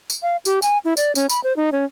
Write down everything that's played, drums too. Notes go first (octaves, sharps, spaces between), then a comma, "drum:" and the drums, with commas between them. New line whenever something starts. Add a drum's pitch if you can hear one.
drum: tambourine
F5
G4, drum: tambourine
G#5, drum: tambourine
E4
D5, drum: tambourine
C#4, drum: tambourine
B5, drum: tambourine
C5
D#4
C#4